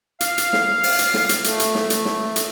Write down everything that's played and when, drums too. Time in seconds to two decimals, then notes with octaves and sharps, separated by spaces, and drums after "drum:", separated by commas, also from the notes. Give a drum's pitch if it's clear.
0.21 F5, drum: hi-hat
0.38 drum: hi-hat
0.53 drum: snare
0.83 drum: open hi-hat
0.99 drum: hi-hat
1.14 drum: snare
1.29 drum: hi-hat
1.44 A3, drum: hi-hat
1.60 drum: hi-hat
1.75 drum: snare
1.90 drum: hi-hat
2.05 drum: snare
2.36 drum: hi-hat